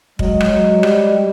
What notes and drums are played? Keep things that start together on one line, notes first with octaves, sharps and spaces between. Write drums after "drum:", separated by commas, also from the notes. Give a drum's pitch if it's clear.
F#3 G#3, drum: kick
drum: rim click
F#3
G3, drum: rim click